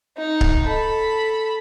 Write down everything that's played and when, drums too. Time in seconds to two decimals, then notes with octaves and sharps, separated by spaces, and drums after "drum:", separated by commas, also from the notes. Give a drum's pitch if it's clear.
0.17 D#4
0.41 drum: kick C#1
0.66 A4 B5